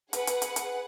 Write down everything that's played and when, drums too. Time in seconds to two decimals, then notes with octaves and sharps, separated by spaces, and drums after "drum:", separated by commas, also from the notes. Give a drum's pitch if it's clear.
0.13 G#4 B4 F#5, drum: hi-hat
0.27 drum: hi-hat
0.42 drum: hi-hat
0.56 drum: hi-hat